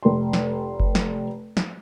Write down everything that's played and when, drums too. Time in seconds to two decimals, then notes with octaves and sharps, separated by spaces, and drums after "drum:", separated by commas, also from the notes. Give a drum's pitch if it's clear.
0.03 F1 C6
0.33 drum: snare
0.80 drum: kick F#1
0.95 drum: snare
1.57 drum: snare